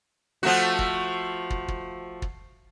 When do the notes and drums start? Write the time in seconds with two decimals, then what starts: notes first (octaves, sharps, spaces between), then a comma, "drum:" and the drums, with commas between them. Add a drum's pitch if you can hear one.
0.43 F3 A3 F#4
0.79 drum: kick
1.50 drum: kick
1.68 drum: kick
2.22 drum: kick